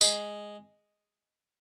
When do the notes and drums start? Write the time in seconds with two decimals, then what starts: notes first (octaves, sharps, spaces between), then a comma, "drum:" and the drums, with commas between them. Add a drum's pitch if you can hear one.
0.01 G#3, drum: tambourine